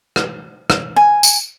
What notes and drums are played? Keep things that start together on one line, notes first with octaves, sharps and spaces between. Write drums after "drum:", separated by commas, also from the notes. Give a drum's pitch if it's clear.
drum: rim click
drum: rim click
G#5
drum: tambourine